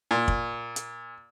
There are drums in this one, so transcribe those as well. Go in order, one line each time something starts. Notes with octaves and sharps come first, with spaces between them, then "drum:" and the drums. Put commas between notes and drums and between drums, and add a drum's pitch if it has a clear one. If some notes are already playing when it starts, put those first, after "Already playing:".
A#2
drum: kick
drum: hi-hat